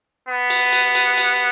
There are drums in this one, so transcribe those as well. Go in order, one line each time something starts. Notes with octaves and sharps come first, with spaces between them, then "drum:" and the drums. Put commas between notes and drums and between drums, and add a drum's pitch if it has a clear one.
B3
drum: cymbal
drum: cymbal
drum: cymbal
drum: cymbal